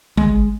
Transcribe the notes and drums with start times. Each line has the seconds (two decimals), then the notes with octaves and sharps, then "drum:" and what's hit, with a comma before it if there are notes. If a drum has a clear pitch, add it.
0.17 G#3, drum: tom